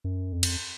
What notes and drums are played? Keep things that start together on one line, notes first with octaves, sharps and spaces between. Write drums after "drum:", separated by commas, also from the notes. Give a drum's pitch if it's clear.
F#2
F2
drum: cymbal